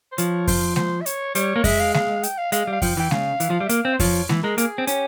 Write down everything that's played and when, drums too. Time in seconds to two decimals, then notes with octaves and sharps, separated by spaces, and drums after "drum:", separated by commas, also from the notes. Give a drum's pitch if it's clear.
0.12 C5
0.18 F3 C#5, drum: hi-hat
0.47 C5, drum: kick F2, open hi-hat
0.76 C5, drum: snare G#3
1.01 E5
1.06 C#5, drum: hi-hat
1.35 G3 C#5, drum: hi-hat
1.56 A#3
1.64 G#3 E5, drum: kick F2, open hi-hat
1.80 F5
1.94 F5, drum: snare G#3
2.23 G5, drum: hi-hat
2.38 F5
2.52 G#3 F5, drum: hi-hat
2.67 G3
2.73 F5
2.82 F3 G5, drum: kick F2, open hi-hat
2.97 E3 G5
3.11 C#3 F5, drum: snare G#3
3.40 E3, drum: hi-hat
3.50 F3
3.60 G3
3.66 E5
3.69 A#3 F5, drum: hi-hat
3.85 C4
3.94 C5
4.00 F3 C#5, drum: kick F2, open hi-hat
4.29 E3, drum: snare G#3
4.43 G#3 A#4
4.58 A#3 G#4, drum: hi-hat
4.78 C4
4.87 C#4 G4, drum: hi-hat